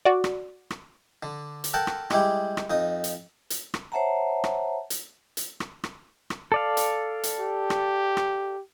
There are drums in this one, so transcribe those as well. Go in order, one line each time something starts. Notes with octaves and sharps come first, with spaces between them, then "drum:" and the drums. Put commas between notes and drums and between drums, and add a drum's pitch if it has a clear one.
F#4 D5
drum: rim click
drum: rim click
D3
drum: hi-hat
A4 A#4 F#5 G5 A5
drum: rim click
G3 G#3 E4 G4, drum: rim click
drum: rim click
F2 D#4 D#6
drum: hi-hat
drum: hi-hat
drum: rim click
C5 C#5 E5 F#5 A5 A#5
drum: rim click
drum: hi-hat
drum: hi-hat
drum: rim click
drum: rim click
drum: rim click
A4 D5 F5
drum: hi-hat
drum: hi-hat
G4
drum: rim click
drum: rim click